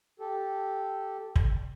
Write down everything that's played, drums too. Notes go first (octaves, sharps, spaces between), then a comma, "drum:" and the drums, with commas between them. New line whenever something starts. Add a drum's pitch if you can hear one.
G4 A4
drum: kick